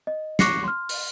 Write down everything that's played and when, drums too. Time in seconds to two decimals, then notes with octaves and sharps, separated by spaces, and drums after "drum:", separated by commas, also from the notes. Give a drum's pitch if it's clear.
0.07 D#5
0.39 C#6 D6 F#6 A#6 C7 C#7, drum: snare
0.64 C6 F6
0.89 drum: open hi-hat